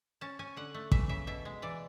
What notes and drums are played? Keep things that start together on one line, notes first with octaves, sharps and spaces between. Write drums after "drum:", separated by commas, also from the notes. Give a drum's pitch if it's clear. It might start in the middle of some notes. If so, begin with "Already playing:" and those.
C#4 A5
C#4 G#5
D3 F#5
A3
E3 E5, drum: kick
C#3 E5
B2 E5
G#3
E3 D5